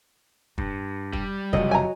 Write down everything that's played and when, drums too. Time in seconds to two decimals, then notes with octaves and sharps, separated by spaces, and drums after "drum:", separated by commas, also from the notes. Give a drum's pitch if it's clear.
0.58 G2, drum: kick
1.13 G3, drum: kick
1.53 F#1 C3 F3 F#3 D#5, drum: kick
1.71 G#5 A#5